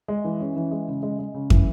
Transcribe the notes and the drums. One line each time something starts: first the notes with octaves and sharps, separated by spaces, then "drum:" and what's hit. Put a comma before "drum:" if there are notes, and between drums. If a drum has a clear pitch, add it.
G#3
E3
C#4
E3
G#3
C#3
G#3
G#3
C#3
E3, drum: kick